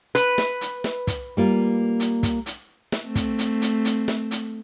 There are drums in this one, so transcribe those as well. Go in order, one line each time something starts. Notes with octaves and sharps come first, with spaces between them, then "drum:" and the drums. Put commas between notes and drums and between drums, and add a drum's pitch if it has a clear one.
B4, drum: hi-hat
drum: snare
drum: hi-hat
drum: snare
drum: kick, hi-hat
G3 A#3 F4
drum: hi-hat
drum: kick, hi-hat
drum: hi-hat
drum: snare
A3 C4
drum: kick, hi-hat
drum: hi-hat
drum: hi-hat
drum: hi-hat
drum: snare
drum: hi-hat